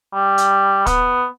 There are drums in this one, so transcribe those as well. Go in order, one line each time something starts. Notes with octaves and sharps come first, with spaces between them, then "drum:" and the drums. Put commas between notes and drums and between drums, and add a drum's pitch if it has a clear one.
G3
drum: hi-hat
B3, drum: kick, hi-hat